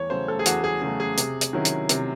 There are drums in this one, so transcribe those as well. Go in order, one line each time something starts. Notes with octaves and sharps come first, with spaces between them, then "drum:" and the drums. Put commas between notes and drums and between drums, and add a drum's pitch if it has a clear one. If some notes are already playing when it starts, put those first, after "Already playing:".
Already playing: E2 C#5
C#3 F#3 A3 C5
A4
G#4
E2 F#4, drum: hi-hat
G#4
C#3 F#3 A3 G#4
G#4
C3, drum: hi-hat
drum: hi-hat
D#3 F#3 C#4 E4
drum: hi-hat
C3, drum: hi-hat